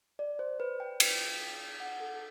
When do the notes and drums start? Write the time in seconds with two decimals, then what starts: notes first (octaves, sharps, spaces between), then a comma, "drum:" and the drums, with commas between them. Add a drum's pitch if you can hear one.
0.19 D5
0.39 C5
0.60 B4
0.80 G5
1.00 G5, drum: cymbal
1.80 F#5
2.00 A4